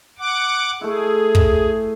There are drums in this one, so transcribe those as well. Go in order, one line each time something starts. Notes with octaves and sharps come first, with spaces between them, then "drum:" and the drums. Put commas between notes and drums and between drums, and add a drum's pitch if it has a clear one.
F#5 D6
A3 E4 G#4
drum: kick